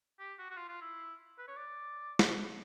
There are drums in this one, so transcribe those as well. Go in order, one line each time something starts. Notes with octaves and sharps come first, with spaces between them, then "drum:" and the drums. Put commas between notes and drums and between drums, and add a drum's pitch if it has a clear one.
G4
F#4
F#4
F4
F4
E4
B4
C#5
D5
drum: snare